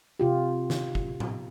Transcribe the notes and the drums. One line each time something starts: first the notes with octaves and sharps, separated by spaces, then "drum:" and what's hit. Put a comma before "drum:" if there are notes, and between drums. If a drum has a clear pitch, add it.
C3 F4 G4
drum: snare
drum: kick
drum: tom A2